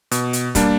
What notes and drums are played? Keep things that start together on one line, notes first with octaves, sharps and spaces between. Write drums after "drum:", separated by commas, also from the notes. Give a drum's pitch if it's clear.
B2, drum: hi-hat
drum: hi-hat
G3 A#3 D4, drum: kick, hi-hat